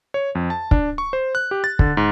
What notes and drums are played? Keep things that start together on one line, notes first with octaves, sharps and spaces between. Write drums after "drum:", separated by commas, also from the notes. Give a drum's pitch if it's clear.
C#5
F2
A5
D4, drum: kick
C#6
C5
F#6
G4
A6
D3, drum: kick
G#2